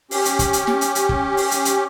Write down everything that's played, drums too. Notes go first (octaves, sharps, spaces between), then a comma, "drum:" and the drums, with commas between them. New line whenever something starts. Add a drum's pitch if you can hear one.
C#4 G4, drum: open hi-hat
drum: hi-hat
drum: kick, hi-hat
drum: hi-hat
drum: snare
drum: hi-hat
drum: hi-hat
drum: kick
drum: open hi-hat
drum: hi-hat
drum: hi-hat